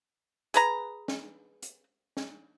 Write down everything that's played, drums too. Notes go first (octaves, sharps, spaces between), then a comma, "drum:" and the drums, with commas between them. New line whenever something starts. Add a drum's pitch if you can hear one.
G#4 B4 A#5, drum: hi-hat
drum: snare
drum: hi-hat
drum: snare